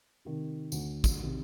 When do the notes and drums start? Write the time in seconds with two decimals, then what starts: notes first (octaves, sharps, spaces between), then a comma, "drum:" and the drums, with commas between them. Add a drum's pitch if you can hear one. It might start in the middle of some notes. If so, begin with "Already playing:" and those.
0.25 C3 D#3
0.72 D2, drum: tambourine
1.04 drum: kick, tambourine
1.19 C3 D#3